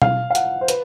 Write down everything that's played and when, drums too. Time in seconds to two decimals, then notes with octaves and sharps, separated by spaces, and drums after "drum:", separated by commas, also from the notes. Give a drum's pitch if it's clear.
0.02 F5, drum: tom B2
0.30 F5
0.35 F#5, drum: hi-hat
0.61 C5
0.68 B4, drum: hi-hat